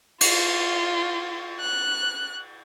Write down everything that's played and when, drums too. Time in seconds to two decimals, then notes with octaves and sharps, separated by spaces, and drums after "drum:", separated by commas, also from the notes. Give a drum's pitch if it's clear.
0.21 F4, drum: cymbal
1.60 F#6